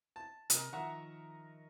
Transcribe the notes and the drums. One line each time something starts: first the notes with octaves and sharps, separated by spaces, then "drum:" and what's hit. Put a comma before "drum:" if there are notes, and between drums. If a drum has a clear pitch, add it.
A5
C3 A#4 D#5, drum: hi-hat
D#3 F3 E5 F#5 A#5 C#6